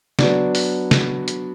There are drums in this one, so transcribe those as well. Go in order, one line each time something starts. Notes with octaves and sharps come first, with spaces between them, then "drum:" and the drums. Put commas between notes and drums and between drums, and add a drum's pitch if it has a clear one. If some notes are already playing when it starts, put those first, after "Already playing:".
F#3 B3 D4 F#4, drum: snare
drum: open hi-hat
drum: snare
drum: hi-hat